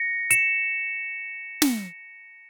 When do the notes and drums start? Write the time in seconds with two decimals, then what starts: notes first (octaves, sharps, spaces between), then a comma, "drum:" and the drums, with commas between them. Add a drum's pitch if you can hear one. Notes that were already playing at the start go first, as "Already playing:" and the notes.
Already playing: A#6 C#7
0.30 C#7 E7, drum: hi-hat
1.62 drum: snare